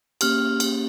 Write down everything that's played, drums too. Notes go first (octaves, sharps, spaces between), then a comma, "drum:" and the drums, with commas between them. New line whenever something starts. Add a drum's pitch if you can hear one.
A#3 C#4 G4 F6, drum: cymbal
A#3 C#4 G4, drum: cymbal